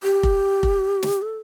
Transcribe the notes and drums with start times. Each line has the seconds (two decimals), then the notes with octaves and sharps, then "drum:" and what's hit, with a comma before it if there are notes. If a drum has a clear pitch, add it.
0.03 G4
0.23 drum: kick F1
0.63 drum: kick F1
1.03 drum: snare
1.22 A4